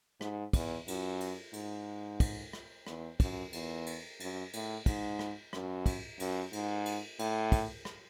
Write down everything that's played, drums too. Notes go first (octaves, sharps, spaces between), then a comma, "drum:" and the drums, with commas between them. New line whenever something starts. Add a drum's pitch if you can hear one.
G#2, drum: rim click
E2, drum: kick, cymbal
F#2, drum: cymbal
drum: cymbal
G#2, drum: cymbal
drum: kick, cymbal
drum: rim click
E2, drum: rim click
F#2, drum: kick, cymbal
E2, drum: cymbal
drum: cymbal
F#2, drum: cymbal
A2, drum: cymbal
G#2, drum: kick, cymbal
drum: rim click
F#2, drum: rim click
drum: kick, cymbal
F#2, drum: cymbal
G#2, drum: cymbal
drum: cymbal
A2, drum: cymbal
drum: kick, cymbal
drum: rim click